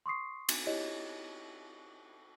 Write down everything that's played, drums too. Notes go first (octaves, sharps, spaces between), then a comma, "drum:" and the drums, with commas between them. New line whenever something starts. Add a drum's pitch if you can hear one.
C6 C#6 D#6 C7
drum: cymbal
E4 G4 C#5 D#5